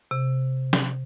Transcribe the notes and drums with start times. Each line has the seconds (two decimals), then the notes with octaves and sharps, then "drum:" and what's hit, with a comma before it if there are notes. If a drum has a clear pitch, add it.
0.11 C3
0.73 drum: snare